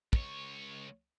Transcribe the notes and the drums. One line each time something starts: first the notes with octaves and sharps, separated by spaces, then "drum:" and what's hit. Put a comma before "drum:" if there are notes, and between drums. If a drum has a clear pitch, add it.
C#2 C#5, drum: kick